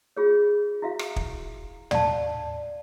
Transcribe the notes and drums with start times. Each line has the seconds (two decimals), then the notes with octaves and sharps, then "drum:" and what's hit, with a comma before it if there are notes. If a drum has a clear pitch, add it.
0.17 F4 G#4 C#5
0.82 E4 F#4 E5 F5
0.99 drum: rim click
1.16 drum: kick
1.91 D5 F5 A5, drum: tom